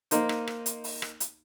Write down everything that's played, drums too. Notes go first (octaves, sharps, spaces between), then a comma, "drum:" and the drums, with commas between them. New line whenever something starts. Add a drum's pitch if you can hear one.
A#3 D#4 C5, drum: hi-hat
drum: rim click
drum: rim click
drum: hi-hat
drum: open hi-hat
drum: rim click
drum: hi-hat